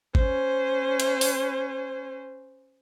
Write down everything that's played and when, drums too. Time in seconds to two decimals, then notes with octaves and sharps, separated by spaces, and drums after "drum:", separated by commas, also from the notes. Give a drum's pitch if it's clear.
0.15 C#4 C5, drum: kick G#1
1.00 drum: cymbal
1.21 drum: open hi-hat